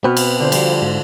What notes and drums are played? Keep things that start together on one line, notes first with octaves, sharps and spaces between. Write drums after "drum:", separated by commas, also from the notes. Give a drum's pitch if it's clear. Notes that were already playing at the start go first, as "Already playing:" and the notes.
B2 C4 B4 F6
drum: cymbal
D3 F4 C5
F3 G3, drum: cymbal
G#2